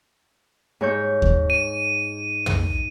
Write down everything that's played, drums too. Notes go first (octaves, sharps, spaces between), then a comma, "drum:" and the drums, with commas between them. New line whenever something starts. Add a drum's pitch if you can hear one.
G#2 C#5 G6
drum: kick D#2
D#7
drum: tom